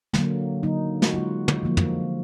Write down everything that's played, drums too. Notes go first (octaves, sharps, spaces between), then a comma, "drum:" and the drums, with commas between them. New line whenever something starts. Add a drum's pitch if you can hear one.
D3 F#3 A#3, drum: snare
D3 F#3 A#3 D#4
F#4, drum: snare
D3 G#3 F4
drum: tom
D3 F3 A#3
drum: tom